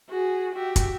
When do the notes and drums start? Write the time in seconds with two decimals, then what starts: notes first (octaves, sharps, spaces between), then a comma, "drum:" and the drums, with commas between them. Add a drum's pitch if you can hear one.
0.10 F#4 G#4
0.54 F#4 G4 E5
0.76 drum: kick, hi-hat